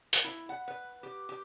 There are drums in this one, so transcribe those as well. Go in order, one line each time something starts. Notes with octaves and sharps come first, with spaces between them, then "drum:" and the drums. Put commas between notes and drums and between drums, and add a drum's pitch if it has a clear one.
drum: hi-hat
E4
F#5
B4
G4
G4